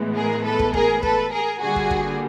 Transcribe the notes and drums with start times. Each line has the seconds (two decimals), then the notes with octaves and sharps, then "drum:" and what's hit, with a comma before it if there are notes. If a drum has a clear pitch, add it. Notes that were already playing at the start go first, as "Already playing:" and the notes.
Already playing: A2 E3 G#3 B3
0.16 G#4 A#4
0.45 A4 B4
0.59 drum: kick
0.74 G#4 A#4, drum: kick
1.03 A4 B4, drum: kick
1.32 G#4 A#4
1.61 D3 G3 A#3 F#4 G#4
1.76 drum: kick
1.91 drum: kick